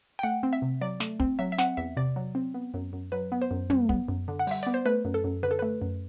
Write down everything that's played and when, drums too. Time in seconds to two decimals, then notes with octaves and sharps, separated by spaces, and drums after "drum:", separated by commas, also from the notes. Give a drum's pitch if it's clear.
0.19 G5
0.23 A3 F#5
0.43 C4
0.53 E5
0.62 C3
0.81 F#3 D5
1.00 A3, drum: snare
1.20 C4, drum: kick
1.39 F#3 E5
1.52 E5
1.58 C4 F#5, drum: snare
1.77 E2 E5
1.97 C3 D5
2.16 F#3
2.35 C4
2.54 B3
2.74 F#2
2.93 F#2
3.12 F#3 B4
3.32 B3
3.42 C5
3.51 F#2
3.70 G3, drum: tom
3.89 B3, drum: kick
4.09 F#2
4.28 D3
4.39 F#5
4.47 G3 E5, drum: open hi-hat
4.63 B3 D5
4.74 C5
4.86 A3 B4
5.05 F#2
5.14 A4
5.24 F#2
5.43 D3 B4
5.51 A4
5.59 A3 B4
5.82 F#2